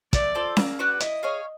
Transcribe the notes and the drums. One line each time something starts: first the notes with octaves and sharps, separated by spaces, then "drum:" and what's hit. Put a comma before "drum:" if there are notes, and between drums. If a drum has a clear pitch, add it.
A3 D5, drum: kick, hi-hat
C4 F4 A4
A#3, drum: snare C#4
D4 F#4 B4
E4 D#5, drum: hi-hat
G#4 C#5 F5